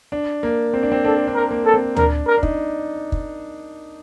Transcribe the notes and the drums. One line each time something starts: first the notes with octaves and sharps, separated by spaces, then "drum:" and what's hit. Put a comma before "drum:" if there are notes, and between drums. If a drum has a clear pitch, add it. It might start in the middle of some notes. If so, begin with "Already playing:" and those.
D4
A#3
C4
D4
C4
D4 A4
D4
A#4
A#3
A4
C4
D4 A#4, drum: tom D2
A#4
D4
D#4, drum: kick
drum: kick